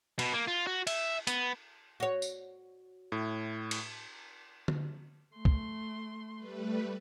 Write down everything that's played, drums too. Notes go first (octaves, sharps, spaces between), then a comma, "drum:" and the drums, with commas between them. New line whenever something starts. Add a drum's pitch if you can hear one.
B2, drum: cymbal
A#3
F4
F#4
E5, drum: cymbal
B3, drum: hi-hat
F#4 C#5
drum: tambourine
A2
drum: cymbal
drum: tom D3
A3 C6
drum: kick
G3 A3 B4